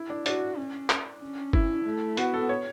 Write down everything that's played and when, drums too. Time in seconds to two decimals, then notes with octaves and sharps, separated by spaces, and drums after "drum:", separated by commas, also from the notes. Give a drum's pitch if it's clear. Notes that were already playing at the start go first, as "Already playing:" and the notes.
Already playing: E4
0.10 D4
0.26 D4 F#4, drum: hi-hat
0.58 C#4
0.90 drum: clap
1.22 C#4
1.53 E4, drum: kick G1
1.85 A3
2.17 B3 F#4, drum: hi-hat
2.34 A4
2.49 C#5